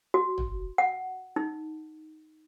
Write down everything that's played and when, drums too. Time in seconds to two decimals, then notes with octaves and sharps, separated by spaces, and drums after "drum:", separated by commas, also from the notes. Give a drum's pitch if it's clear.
0.14 F#4
0.38 drum: tom
0.78 F#5
1.36 D#4